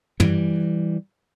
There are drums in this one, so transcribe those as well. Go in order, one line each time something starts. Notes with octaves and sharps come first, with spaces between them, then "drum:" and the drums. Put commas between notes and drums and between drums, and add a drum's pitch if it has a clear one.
E3 G3, drum: tom